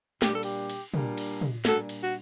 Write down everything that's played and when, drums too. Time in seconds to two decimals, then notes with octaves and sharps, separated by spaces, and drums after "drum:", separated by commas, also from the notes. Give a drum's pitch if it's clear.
0.22 A#2 G3 D4 G4, drum: snare
0.32 A4
0.43 G4, drum: cymbal
0.70 drum: cymbal
0.94 A#2 G3 D4, drum: tom
1.17 drum: cymbal
1.41 drum: tom
1.65 A#2 G3 D4 F#4 A4, drum: snare
1.89 drum: cymbal
2.01 F#4